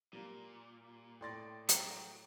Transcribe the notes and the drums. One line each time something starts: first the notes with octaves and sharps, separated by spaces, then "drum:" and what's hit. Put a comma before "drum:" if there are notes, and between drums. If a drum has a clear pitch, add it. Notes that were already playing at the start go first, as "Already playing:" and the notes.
A#2 G3 A#3
A2 D5 G5 C6 A6 A#6
F#3 G5 A#5, drum: hi-hat